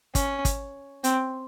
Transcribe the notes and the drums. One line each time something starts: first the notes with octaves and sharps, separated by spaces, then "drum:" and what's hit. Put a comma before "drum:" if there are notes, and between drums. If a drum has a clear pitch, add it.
C#4, drum: kick, hi-hat
drum: kick, hi-hat
C4, drum: hi-hat